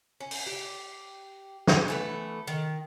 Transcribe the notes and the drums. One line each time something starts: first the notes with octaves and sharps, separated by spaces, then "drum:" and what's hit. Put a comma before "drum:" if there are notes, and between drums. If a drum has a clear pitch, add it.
C#4
drum: open hi-hat
G4
drum: snare
E3 A3 B3
D#3